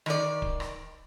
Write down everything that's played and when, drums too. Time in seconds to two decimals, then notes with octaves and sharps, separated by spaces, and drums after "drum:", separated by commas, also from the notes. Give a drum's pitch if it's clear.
0.06 D#3 D5, drum: rim click
0.42 drum: kick D1
0.60 drum: rim click